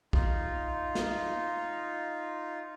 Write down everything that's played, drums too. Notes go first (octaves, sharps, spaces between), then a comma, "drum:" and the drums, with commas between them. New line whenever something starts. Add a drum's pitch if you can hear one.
D#4 F4, drum: kick
drum: snare